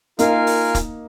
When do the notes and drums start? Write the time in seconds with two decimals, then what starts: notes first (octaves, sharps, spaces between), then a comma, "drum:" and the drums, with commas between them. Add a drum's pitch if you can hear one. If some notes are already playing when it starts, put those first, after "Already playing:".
0.19 A#3 D#4 F4 A#4 F5 G#5, drum: hi-hat
0.47 drum: open hi-hat
0.75 drum: kick, hi-hat